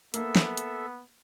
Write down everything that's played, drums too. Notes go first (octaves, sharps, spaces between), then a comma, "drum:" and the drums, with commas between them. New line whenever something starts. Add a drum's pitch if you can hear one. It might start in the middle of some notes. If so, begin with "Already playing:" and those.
A#3 B3 A4 E5, drum: hi-hat
drum: snare
drum: hi-hat